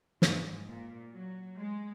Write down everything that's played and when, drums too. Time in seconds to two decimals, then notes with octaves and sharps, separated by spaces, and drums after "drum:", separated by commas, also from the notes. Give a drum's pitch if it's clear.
0.22 G#2, drum: snare
0.68 A#2
1.13 F#3
1.59 G#3